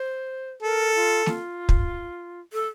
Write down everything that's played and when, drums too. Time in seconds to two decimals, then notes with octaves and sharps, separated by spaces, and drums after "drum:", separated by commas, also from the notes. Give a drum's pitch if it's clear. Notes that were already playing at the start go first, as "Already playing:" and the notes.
Already playing: C5
0.62 A4 A#4
0.95 F4
1.26 F4, drum: snare
1.69 drum: kick
2.53 A4